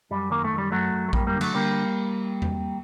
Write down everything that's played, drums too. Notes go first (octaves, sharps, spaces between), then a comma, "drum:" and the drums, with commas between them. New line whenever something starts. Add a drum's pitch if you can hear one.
F#2 G3
D#3 A#3
A3
F#2
G3
F#2 F#3 A3
F#2
A3
F#2 G3 A#3, drum: kick A#1
G3 A#3
D3
F#3 A3, drum: cymbal
D3 G3 A#3
drum: tom E2